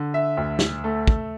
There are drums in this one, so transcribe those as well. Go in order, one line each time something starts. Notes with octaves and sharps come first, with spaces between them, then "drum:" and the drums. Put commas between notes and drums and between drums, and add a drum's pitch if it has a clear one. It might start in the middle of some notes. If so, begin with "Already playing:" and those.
Already playing: D3
E5
D2
drum: snare
A3
drum: kick